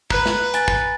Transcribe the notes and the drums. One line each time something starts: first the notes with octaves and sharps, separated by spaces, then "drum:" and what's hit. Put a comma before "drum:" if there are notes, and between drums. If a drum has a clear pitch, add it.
B4 A#5 F#6, drum: kick
drum: snare
G#5 A6, drum: hi-hat
drum: kick